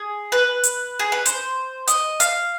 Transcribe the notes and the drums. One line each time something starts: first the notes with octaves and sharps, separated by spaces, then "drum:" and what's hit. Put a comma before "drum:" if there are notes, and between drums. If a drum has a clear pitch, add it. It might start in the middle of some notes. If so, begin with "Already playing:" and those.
Already playing: G#4
B4
drum: hi-hat
G#4
B4
C5, drum: hi-hat
D#5, drum: hi-hat
F5, drum: hi-hat